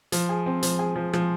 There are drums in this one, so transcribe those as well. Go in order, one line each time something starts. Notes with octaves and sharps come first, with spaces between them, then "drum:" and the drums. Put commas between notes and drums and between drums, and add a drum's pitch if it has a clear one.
F3, drum: hi-hat
G#4
C4
F3, drum: hi-hat
G#4
F3
F3, drum: rim click